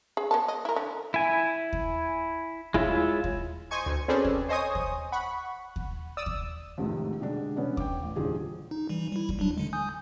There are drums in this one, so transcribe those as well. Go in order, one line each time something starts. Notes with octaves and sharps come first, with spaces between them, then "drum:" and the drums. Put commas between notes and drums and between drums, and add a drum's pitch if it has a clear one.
G#4
A#3 B3 A5
D#5
E4 A#4
D3
E4 G#5
drum: kick D#2
G#3 E4 F4 C#5 E5, drum: kick D#2
drum: kick D#2
C5 D#5 G#5 C#6 G#6
D2
C4 C#4 G#4 A4 B4 D5
drum: kick D#2
C5 C#5 D#5 G#5 C#6 D#6
drum: kick D#2
F#5 B5 C#6
drum: kick D#2
D5 D#6 E6
drum: kick D#2
A1 F2 G#2 C3 D#3 A3
B2 D3 G3 G#3 D4
E1 B3 C#4 D4
G5 D6, drum: kick D#2
A1
D#1 F2 D3 E3 G4 G#4
D#4
E3 G3
G3 E4
drum: kick D#2
F#3 G3 D4
D3 G#3
G#5 D#6 G6